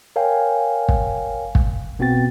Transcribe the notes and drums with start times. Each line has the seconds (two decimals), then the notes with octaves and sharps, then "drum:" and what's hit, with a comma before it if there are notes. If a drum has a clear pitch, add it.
0.16 A#4 C#5 F5 G5 G#5
0.89 drum: kick
1.55 drum: kick
1.99 B2 B3 C4 F#4 G5 A6